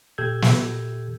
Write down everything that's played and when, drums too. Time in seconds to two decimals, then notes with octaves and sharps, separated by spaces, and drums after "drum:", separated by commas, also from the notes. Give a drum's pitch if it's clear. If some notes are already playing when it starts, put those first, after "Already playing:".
0.18 A#2 G4 A4 E6 G6 G#6
0.42 drum: snare